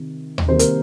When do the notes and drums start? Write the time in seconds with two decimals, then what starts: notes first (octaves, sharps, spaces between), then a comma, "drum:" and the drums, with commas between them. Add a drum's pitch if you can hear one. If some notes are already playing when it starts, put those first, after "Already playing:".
Already playing: C3 D#3
0.38 drum: tom D#2
0.48 C3 D#3 G3 A#3 C5
0.59 A#4, drum: hi-hat